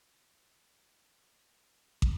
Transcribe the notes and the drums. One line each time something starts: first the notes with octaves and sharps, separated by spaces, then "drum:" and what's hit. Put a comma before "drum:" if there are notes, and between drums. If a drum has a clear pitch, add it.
G2
F2
G2
B2
C3
D3
D#3
drum: kick